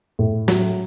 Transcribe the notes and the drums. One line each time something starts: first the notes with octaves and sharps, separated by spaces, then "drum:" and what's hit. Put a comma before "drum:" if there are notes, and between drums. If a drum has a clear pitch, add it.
A2
F#3, drum: snare